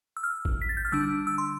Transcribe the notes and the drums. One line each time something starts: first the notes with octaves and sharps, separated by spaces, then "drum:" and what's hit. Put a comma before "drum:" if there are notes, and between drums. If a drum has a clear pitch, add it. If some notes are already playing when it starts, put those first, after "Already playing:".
E6
F6
drum: kick G#1
B6
A6
G6
F6
D3 G3 D4 E6
E6
C6